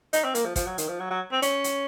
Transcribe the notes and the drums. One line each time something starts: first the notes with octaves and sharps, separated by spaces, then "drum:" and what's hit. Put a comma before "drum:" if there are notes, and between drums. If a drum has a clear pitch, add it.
D#4, drum: hi-hat
C4
A#3, drum: hi-hat
F3
F3, drum: kick, hi-hat
F#3
D#3, drum: hi-hat
F3
F#3
F#3
C4
C#4, drum: hi-hat
drum: hi-hat